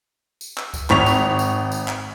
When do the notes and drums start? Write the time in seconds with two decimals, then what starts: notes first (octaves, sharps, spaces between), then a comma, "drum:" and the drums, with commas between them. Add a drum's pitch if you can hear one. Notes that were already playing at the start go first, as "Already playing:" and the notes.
0.41 drum: tambourine
0.57 drum: clap
0.74 drum: kick C#2, tambourine
0.90 G#1 C#6 B6 F7, drum: clap
1.06 drum: tambourine
1.39 drum: tambourine
1.72 drum: tambourine
1.88 drum: clap